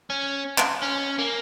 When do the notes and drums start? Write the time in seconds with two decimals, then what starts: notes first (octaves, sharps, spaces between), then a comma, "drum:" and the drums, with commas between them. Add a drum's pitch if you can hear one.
0.10 C#4
0.58 drum: clap
0.82 C#4
1.18 A#3